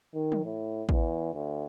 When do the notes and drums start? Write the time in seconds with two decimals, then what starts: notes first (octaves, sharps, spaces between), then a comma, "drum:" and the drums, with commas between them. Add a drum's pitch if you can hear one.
0.15 D#3
0.32 drum: tom
0.45 A2
0.89 E2, drum: kick A1
1.34 D2